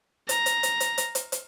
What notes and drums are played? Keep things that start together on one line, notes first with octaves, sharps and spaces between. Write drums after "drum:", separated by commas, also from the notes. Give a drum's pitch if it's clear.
A#5, drum: hi-hat
drum: hi-hat
drum: hi-hat
drum: hi-hat
drum: hi-hat
drum: hi-hat
drum: hi-hat